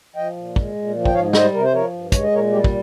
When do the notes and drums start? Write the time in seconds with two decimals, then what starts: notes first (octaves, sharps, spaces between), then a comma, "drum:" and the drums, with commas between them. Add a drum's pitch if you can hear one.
0.16 F3 D#5 G5
0.36 A#2
0.56 G#3, drum: kick
0.75 A#2
0.94 F3
1.05 G5, drum: kick
1.14 G#2 C#5 F5
1.33 G3 C5 D#5, drum: snare
1.54 C3 A#4
1.63 C5
1.72 F3 A#4 C#5
1.92 G2
2.12 G#3 C#5, drum: kick, hi-hat
2.23 D#5
2.31 A#2 A#4 C#5
2.52 G3 G4
2.64 drum: kick